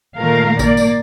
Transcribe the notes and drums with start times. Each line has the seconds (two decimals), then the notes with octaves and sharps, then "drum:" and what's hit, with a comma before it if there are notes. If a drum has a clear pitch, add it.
0.18 A#2 D#3 A3 A#4 F5
0.59 A#3 D5, drum: kick A1, tambourine
0.77 drum: tambourine